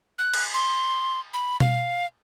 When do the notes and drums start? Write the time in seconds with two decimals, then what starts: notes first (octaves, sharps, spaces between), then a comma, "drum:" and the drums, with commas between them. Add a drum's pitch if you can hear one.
0.19 F#6
0.34 drum: cymbal
0.54 C6
1.33 B5
1.60 F5, drum: tom B2